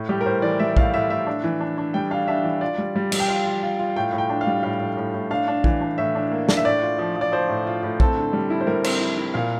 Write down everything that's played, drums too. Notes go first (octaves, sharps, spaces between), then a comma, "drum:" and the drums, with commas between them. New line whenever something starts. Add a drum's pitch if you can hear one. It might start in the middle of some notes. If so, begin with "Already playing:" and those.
Already playing: A2
G3 G4
A#4
A2 C5
E3 D5
G3 E5
A2 F5, drum: kick
A2 E5
A2 E5
D4
E3
D4
D4
G3 G5
D4 F5
D4 E5
E3
F4 D5
G3
G3
G3, drum: cymbal
G5
F4 F5
F4
F4
F4
A2 G5
A2
G5
D4
F5
G3
A2 F5
A2
A2
A2
D4 F5
D4
E3, drum: kick
D4
A2 E5
D4
A#3
D4, drum: snare
E5
A2 D5
F4
F3
F3 D5
F3 C5
A2
F4
A2
C4 A4, drum: kick
D3
G3
E4
C5
G3 A#4
C4, drum: cymbal
E4
E4
A#2 F5